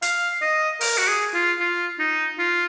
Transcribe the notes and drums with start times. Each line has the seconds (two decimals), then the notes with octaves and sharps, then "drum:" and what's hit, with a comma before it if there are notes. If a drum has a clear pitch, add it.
0.02 F5, drum: hi-hat
0.42 D#5
0.81 A#4, drum: open hi-hat
0.98 F#4
1.08 G#4
1.34 F4
1.60 F4
1.99 D#4
2.38 F4